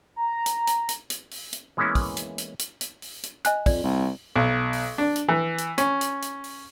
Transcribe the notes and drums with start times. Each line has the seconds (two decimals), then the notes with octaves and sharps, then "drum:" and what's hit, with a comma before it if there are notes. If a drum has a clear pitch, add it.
0.16 A#5
0.46 drum: hi-hat
0.67 drum: hi-hat
0.89 drum: hi-hat
1.10 drum: hi-hat
1.31 drum: open hi-hat
1.53 drum: hi-hat
1.77 E3 G#3 A#3 B3 C#4 E4
1.95 drum: kick, open hi-hat
2.17 drum: hi-hat
2.38 drum: hi-hat
2.59 drum: hi-hat
2.81 drum: hi-hat
3.02 drum: open hi-hat
3.23 drum: hi-hat
3.45 D#5 G#5 F#6, drum: hi-hat
3.66 F2 D5, drum: kick, open hi-hat
3.84 C2
4.36 B1
4.73 drum: open hi-hat
4.98 D4
5.16 drum: hi-hat
5.29 E3
5.58 drum: hi-hat
5.78 C#4, drum: hi-hat
6.01 drum: hi-hat
6.22 drum: hi-hat
6.44 drum: open hi-hat